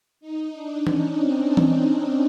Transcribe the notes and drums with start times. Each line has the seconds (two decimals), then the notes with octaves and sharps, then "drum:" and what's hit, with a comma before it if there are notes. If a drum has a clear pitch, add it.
0.21 D#4
0.53 D4
0.87 C#4, drum: tom E3
1.19 C4
1.57 drum: tom E3